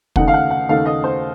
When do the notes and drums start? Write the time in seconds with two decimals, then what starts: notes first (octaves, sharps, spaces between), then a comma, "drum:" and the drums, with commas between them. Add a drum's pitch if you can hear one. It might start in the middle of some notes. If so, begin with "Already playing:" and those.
0.16 D#2 C#3 A3 D#4 F#5, drum: kick
0.28 F5
0.34 F#5
0.51 F#5
0.68 D#2 C#3 A3 D#4 F5
0.86 D#5
1.04 C5